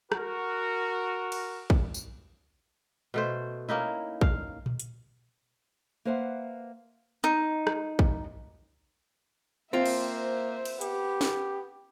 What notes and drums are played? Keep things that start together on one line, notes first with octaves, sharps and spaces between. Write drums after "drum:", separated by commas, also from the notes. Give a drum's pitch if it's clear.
F#4 A#4, drum: rim click
drum: cymbal
drum: kick
drum: tambourine
B2 A3 C5
A#3 C#4 D#4 E4
F5, drum: kick
drum: tom A#2
drum: hi-hat
A#3 B4 C5 E5 F#5
D#4
drum: rim click
drum: kick
A#3 C4 F4 C5 E5
drum: cymbal
drum: cymbal
B3 G4, drum: hi-hat
drum: snare